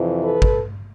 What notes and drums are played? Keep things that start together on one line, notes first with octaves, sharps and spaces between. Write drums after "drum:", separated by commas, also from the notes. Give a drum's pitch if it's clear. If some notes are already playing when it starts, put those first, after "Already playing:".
Already playing: F2 C3 E3
A4 B4
drum: kick